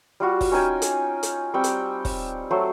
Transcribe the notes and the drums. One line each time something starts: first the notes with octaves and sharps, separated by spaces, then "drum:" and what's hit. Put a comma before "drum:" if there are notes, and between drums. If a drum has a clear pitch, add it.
G3 F4 F#4
drum: kick, open hi-hat
C#4 D#4 G5 G#5
drum: hi-hat
drum: hi-hat
G3 C4 G5 C#6
drum: hi-hat
drum: kick, open hi-hat
F#3 A3 C5